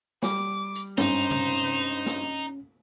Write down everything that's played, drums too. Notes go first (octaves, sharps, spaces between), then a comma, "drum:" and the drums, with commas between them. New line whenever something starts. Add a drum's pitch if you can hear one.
G3 D6, drum: snare
drum: hi-hat
G#1 G2 C#4 D#4 C5, drum: snare
drum: tom C3
drum: snare